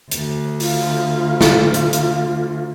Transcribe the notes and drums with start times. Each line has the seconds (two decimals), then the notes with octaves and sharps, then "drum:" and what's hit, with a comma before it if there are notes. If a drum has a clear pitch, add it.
0.11 D2, drum: hi-hat
0.60 F4, drum: open hi-hat
1.41 drum: snare
1.74 drum: hi-hat
1.93 drum: hi-hat